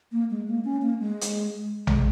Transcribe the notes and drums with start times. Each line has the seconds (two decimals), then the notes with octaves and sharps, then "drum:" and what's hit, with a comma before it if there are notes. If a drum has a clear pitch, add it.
0.12 A#3
0.31 G#3
0.48 A#3
0.65 C#4
0.82 A#3
1.00 G#3
1.21 drum: hi-hat
1.87 G#3, drum: tom A#1